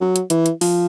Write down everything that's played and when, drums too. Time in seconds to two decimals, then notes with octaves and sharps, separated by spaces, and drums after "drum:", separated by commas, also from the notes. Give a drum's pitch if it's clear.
0.01 F#3
0.16 drum: hi-hat
0.30 E3, drum: hi-hat
0.46 drum: hi-hat
0.61 F3, drum: open hi-hat